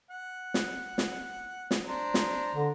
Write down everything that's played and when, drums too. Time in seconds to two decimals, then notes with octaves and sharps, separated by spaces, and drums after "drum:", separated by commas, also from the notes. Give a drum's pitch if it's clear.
0.11 F#5
0.54 drum: snare
0.98 drum: snare
1.71 drum: snare
1.86 D4 C5 A#5
2.14 drum: snare
2.55 D3